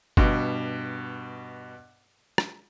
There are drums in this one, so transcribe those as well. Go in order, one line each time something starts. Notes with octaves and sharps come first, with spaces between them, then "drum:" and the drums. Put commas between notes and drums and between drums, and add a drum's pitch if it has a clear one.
G2 B2, drum: kick G1
drum: rim click